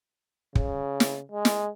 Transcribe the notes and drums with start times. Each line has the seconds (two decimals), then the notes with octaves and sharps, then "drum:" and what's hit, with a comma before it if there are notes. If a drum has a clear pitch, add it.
0.55 C#3, drum: kick
1.00 drum: snare
1.32 G#3
1.45 drum: snare